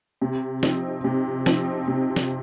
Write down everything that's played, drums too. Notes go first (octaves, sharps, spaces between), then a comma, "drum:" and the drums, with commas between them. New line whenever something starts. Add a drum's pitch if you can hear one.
C3
F3 C4 D#4, drum: snare
C3
F3 C4 D#4, drum: snare
C3
drum: snare